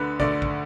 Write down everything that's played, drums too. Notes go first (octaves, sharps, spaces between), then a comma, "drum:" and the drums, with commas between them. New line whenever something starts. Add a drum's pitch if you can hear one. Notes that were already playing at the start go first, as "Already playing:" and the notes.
Already playing: D2 D3 B4
D2 D3 D5, drum: kick
drum: kick